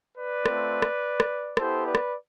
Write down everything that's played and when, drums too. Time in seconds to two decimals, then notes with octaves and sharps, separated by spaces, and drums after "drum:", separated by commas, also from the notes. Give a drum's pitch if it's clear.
0.16 B4 D5
0.46 A3 C4 F4, drum: rim click
0.82 drum: rim click
1.20 drum: rim click
1.57 B3 E4 G4 A4 C5, drum: rim click
1.85 B4 D5
1.95 drum: rim click